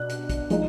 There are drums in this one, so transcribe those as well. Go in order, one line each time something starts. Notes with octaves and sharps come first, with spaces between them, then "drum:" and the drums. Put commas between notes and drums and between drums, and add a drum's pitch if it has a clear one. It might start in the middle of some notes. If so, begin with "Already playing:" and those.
Already playing: B2 D4 F#6
drum: hi-hat
drum: kick, hi-hat
F3 G#3 D#4, drum: hi-hat